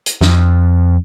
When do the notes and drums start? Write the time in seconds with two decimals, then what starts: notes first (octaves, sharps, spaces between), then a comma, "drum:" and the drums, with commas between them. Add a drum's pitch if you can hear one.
0.06 drum: hi-hat
0.21 F2, drum: snare